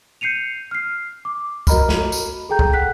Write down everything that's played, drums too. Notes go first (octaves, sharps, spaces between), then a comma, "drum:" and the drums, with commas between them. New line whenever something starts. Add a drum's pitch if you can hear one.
G6 C7 C#7 D#7 F7
F6 C7
D6
F#4 A#4 D#5 A#5 B5 F6, drum: kick, tambourine
drum: snare
drum: tambourine
G#4 A4 G5 A#5 G6
drum: kick
F#5 G5 F#6 B6